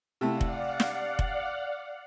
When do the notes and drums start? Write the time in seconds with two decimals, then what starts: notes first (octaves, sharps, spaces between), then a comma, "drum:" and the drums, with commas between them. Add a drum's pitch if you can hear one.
0.21 C3 A3 E4 D5 F5 F#5
0.41 drum: kick F1
0.80 drum: snare
1.19 drum: kick F1